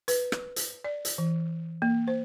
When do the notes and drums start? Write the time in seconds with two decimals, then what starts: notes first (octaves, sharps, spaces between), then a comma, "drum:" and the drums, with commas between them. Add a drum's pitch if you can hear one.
0.08 B4, drum: hi-hat
0.32 drum: rim click
0.56 drum: hi-hat
0.84 D5
1.05 drum: hi-hat
1.18 E3
1.82 A#3
2.08 C5